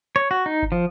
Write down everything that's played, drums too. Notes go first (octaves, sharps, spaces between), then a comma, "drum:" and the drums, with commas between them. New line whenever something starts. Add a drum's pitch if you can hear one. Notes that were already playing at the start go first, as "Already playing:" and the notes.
C#5
F#4
D#4
drum: kick G1
F3